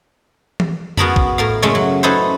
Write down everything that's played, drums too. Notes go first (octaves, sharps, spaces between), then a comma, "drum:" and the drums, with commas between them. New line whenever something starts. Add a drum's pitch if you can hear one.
drum: tom E3
B3 F#4 G#4 A#4 A5 B5, drum: tom F2
drum: kick
A2 A#4 F5
F#2 C#3 G#3 A3 C#4
F#3
C#4 D#4 E4 A4 B4 C5